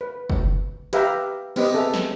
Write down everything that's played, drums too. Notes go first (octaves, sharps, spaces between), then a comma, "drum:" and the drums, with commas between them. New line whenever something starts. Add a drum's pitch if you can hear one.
B4
drum: kick
G4 B4 E5 F5 G5 A#5, drum: hi-hat
B3 C4 G4 B4 D#5, drum: cymbal
G#4 A4 B4 E5
drum: snare